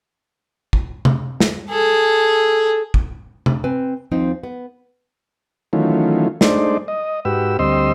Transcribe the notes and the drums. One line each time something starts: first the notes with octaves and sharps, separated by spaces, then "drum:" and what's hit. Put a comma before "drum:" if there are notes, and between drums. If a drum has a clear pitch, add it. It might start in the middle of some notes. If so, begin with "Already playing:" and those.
drum: kick
drum: tom C3
drum: snare
G#4 A4
drum: kick
drum: tom C3
C4 B4 G#5
D#2 F3 C4 D#4
B3
D#3 E3 F#3 A3 C#4 F4
G#3 A3 D4 D#4 C5 D5, drum: snare
D#5
G#2 F#4 G4 B4 E6
D2 G3 C4 D#5 C6 E6